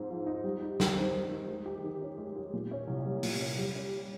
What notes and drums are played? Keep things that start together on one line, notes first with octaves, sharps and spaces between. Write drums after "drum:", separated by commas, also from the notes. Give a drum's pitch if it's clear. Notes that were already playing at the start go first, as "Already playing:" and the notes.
Already playing: G#2 F3 C4
F3
D#4
G3
D#4
D#3, drum: snare
C4
G3
D#4
G#3
G4
D#3
C#4
G#3
G4
A#2
C#4
C2
G3
A#2, drum: open hi-hat
C#4
G3
C#4